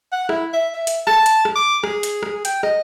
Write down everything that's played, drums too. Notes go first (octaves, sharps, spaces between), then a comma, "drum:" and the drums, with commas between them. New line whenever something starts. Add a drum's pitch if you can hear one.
F#5
E4, drum: rim click
E5
E5
drum: hi-hat
A5, drum: rim click
drum: hi-hat
drum: rim click
D6
G#4, drum: rim click
drum: hi-hat
drum: rim click
G5, drum: hi-hat
D#5, drum: rim click